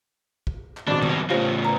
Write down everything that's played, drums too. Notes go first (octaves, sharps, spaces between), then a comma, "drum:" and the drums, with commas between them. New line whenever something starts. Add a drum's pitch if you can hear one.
drum: kick
drum: clap
G#1 B2 D4 D6
F#2 G3, drum: tom C3
A2 C#3 F4 G4 C5 C#5
B4 A#5